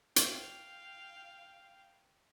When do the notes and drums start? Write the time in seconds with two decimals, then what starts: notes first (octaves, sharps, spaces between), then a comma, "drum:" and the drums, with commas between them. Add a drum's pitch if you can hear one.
0.16 F5 G5, drum: hi-hat